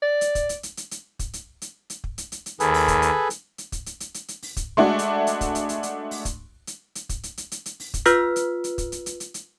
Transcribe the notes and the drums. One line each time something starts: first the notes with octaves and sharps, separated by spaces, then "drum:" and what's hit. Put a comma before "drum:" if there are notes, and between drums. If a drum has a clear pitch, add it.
D5
drum: hi-hat
drum: kick, hi-hat
drum: hi-hat
drum: hi-hat
drum: hi-hat
drum: hi-hat
drum: kick, hi-hat
drum: hi-hat
drum: hi-hat
drum: hi-hat
drum: kick
drum: hi-hat
drum: hi-hat
drum: hi-hat
D#2 G#4 A4 B4, drum: hi-hat
drum: open hi-hat
drum: kick, hi-hat
drum: hi-hat
drum: hi-hat
drum: hi-hat
drum: kick, hi-hat
drum: hi-hat
drum: hi-hat
drum: hi-hat
drum: hi-hat
drum: open hi-hat
drum: kick, hi-hat
G#3 A3 D4 F#4
drum: hi-hat
drum: hi-hat
drum: kick, hi-hat
drum: hi-hat
drum: hi-hat
drum: hi-hat
drum: open hi-hat
drum: kick, hi-hat
drum: hi-hat
drum: hi-hat
drum: kick, hi-hat
drum: hi-hat
drum: hi-hat
drum: hi-hat
drum: hi-hat
drum: open hi-hat
drum: kick, hi-hat
F4 B4 E6 F6 B6, drum: hi-hat
drum: hi-hat
drum: hi-hat
drum: kick, hi-hat
drum: hi-hat
drum: hi-hat
drum: hi-hat
drum: hi-hat